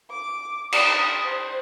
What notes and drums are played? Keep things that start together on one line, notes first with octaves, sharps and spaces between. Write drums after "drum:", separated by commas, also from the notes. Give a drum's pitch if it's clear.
D6
D#6, drum: cymbal
C5